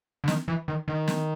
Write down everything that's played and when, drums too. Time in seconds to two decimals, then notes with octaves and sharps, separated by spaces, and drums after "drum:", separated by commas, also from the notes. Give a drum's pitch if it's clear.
0.24 D3
0.28 D#3, drum: snare
0.48 E3
0.68 D#3
0.88 D#3
1.08 drum: snare